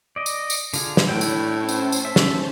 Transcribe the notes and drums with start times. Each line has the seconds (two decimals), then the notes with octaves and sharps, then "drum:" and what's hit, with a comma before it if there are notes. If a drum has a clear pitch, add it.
0.16 D5 D#5
0.26 drum: tambourine
0.50 drum: tambourine
0.74 D3 F4 G#4, drum: tambourine
0.97 drum: snare
1.07 A2 D4 E4 C#5 G5
1.21 drum: tambourine
1.56 C#4 C5 A5
1.69 drum: tambourine
1.92 drum: tambourine
2.05 E5
2.16 drum: snare